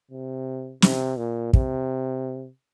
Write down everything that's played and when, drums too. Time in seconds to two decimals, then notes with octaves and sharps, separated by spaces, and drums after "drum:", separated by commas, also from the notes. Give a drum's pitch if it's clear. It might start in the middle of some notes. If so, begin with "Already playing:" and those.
0.11 C3
0.82 C3, drum: snare
1.17 A#2
1.53 C3, drum: kick